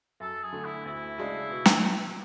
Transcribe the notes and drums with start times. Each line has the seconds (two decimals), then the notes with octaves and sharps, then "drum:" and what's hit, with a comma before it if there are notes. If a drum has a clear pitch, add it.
0.20 F#2 A4
0.43 G#4
0.53 D3 A3
0.64 E4
0.86 D2 E4
1.18 C#3 G#3 D4
1.51 B2
1.66 drum: snare